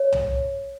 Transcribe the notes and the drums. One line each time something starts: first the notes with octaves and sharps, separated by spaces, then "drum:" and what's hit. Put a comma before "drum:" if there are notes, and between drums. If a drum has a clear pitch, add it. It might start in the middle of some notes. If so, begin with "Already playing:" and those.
Already playing: C#5
drum: tom